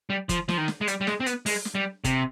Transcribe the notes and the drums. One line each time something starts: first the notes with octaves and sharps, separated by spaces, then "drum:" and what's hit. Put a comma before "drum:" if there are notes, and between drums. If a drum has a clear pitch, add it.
G3
F3, drum: kick F#1, hi-hat
F3, drum: snare
D#3
drum: snare
G#3
G3, drum: hi-hat
G3
G#3, drum: snare
C4
B3, drum: hi-hat
G#3, drum: open hi-hat
drum: snare
G3
C3, drum: kick F#1, hi-hat